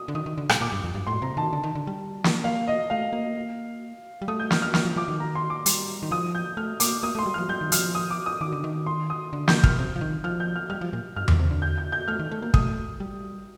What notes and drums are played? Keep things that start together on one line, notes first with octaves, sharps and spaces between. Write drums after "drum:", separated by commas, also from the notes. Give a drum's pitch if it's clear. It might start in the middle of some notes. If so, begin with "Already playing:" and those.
Already playing: D#6
D3
D#3 D#6
D#3
D3
A#2, drum: rim click
A#2 D6
G2
F2
G2
A2 C6
C3 A#5
D#3 A5
D3
D#3
D3
G3
drum: snare
A#3 F5
D#5
A3 F5
A#3
G3
A3 D#6
G6
F6, drum: snare
F6
G3 F6, drum: snare
F3
F3 D6
D#3
A#5
C6
D6
G3, drum: hi-hat
D#3
F3 D#6
G6
A3 F6
A#3 D6, drum: hi-hat
A#3 D#6
A3
C6
G3
F3 F6
G3 G6
D#3
F3 F6, drum: hi-hat
D#6
D6
D#6
D#3 D6
D3
D#3
C6
D#6
D3
G6, drum: snare
F6, drum: kick
C3
F3
D#3
F3 F6
G6
F6
G3 F6
F3
A#2
G2 F6
A#2, drum: tom E2
C3
D3
G6
G6
G6
A3 F6
D#3
A3
A#3
A3 D#6, drum: kick
G3